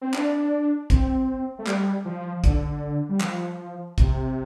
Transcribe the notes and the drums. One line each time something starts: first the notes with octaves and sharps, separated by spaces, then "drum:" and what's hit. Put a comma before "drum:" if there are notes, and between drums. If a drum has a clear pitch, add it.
C4
D4, drum: clap
C4, drum: kick, hi-hat
A3
G3, drum: clap
F3
D3, drum: kick, hi-hat
G3
F3, drum: clap
C3, drum: kick, hi-hat